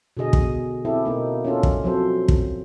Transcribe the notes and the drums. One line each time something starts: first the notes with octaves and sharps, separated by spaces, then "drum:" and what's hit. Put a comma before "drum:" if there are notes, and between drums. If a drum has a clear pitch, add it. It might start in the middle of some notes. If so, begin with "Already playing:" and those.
B2 D3 G#4 D#5
drum: kick
C4 E4 G4 A4
B2 A#3 D#4
C#4 D4 F4 A4
drum: kick
F3 F#3 C4 A4 C5
drum: kick